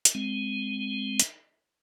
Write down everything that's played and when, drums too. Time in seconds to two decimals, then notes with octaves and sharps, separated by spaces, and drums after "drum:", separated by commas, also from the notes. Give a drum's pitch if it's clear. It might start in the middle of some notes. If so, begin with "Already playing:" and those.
0.05 drum: hi-hat
0.15 G#3 C4
1.20 drum: hi-hat